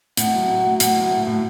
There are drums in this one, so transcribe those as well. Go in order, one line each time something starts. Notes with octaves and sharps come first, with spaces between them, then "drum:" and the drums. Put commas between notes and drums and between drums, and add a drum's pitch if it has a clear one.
A2 F#5, drum: hi-hat
F#3
F#3
A2
A2 F#5, drum: hi-hat
F#3
A2
A2